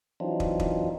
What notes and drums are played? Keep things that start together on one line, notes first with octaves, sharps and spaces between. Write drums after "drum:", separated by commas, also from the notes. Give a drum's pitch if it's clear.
E3 F#3 C4 D4 D#4 F4
drum: kick
drum: kick